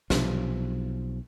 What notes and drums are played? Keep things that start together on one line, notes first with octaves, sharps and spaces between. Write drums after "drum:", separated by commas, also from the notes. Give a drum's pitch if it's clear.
B1 C3 F3, drum: snare